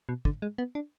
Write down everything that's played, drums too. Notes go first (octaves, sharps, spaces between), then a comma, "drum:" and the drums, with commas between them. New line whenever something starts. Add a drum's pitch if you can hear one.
B2
D3, drum: kick
G#3
B3
D4